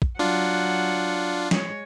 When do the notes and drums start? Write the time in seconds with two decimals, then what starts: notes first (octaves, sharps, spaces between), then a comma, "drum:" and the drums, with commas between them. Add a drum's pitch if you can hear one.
0.02 drum: kick
0.19 F#3 D4 F4 F#5
1.51 G#3 C#5, drum: snare